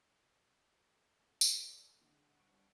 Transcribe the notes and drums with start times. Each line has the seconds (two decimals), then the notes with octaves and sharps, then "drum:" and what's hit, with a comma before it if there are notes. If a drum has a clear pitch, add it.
0.22 B2
0.88 A3
1.41 A4 D5, drum: tambourine
2.01 F2 D3 F3 G#3 F#5
2.40 G3 C4 D4 C#6